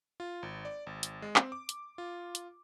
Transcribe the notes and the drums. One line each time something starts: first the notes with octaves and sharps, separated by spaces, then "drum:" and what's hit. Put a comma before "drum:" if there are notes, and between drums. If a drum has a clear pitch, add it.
F4
G#1
D5
G#1
drum: hi-hat
G#3
C4, drum: clap
D6
drum: hi-hat
F4
drum: hi-hat